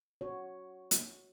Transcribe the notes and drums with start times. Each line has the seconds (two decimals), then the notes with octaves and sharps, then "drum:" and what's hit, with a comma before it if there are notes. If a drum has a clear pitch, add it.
0.21 F#4 C#5
0.91 drum: hi-hat